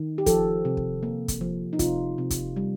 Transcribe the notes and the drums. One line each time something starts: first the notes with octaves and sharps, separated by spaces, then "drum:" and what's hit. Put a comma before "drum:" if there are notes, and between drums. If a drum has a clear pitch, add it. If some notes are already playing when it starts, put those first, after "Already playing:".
Already playing: D#3
G4
F3 A4, drum: kick, hi-hat
C3
drum: kick
A#3
drum: kick, hi-hat
F3
D#4
C3 F4, drum: kick, hi-hat
C3
drum: kick, hi-hat
G3